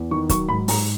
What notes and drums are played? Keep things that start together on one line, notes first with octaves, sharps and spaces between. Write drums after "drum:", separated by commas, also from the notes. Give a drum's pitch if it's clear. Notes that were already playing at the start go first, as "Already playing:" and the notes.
Already playing: E2
D#3 C#6
F#3 C#6, drum: kick, hi-hat
G#2 B5
G#2 A#5, drum: open hi-hat